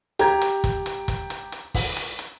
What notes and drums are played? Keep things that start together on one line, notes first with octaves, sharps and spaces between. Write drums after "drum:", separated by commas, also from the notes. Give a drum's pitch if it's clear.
G4 A#5 G#6, drum: hi-hat
drum: hi-hat
drum: kick, hi-hat
drum: hi-hat
drum: kick, hi-hat
drum: hi-hat
drum: hi-hat
drum: kick, open hi-hat
drum: hi-hat
drum: hi-hat